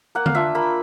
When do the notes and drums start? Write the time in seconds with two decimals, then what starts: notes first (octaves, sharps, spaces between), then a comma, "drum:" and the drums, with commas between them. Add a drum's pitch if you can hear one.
0.15 A#3 F#5
0.26 F5, drum: tom D3
0.35 D4 F4 E5
0.55 A#3 B5